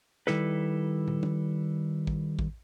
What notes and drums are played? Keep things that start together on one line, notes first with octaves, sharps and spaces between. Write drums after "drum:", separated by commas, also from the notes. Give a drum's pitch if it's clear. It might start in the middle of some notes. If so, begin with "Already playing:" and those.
D#3 G3 E4 A4 B4, drum: snare
drum: tom
drum: tom
drum: kick A1
drum: kick A1